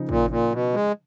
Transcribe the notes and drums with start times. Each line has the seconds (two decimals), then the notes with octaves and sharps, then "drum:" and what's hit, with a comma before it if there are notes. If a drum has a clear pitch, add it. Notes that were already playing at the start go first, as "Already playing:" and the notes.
Already playing: C#3 F3 D#4
0.09 A#2, drum: kick
0.30 A#2
0.53 B2
0.74 G#3